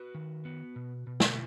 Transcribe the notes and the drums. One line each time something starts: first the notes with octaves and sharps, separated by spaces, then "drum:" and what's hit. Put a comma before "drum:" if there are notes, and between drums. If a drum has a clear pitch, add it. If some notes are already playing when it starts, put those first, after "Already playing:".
Already playing: F#4 B4
D#3
B3
B2
B2
drum: snare